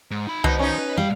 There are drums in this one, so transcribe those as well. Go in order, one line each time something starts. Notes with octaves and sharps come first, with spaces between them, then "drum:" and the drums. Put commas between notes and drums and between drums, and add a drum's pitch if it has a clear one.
G#2
D#4 B5
B2 D#3 D#4 C5, drum: tom C2
C#4 D#4
B4
A2 G3 F5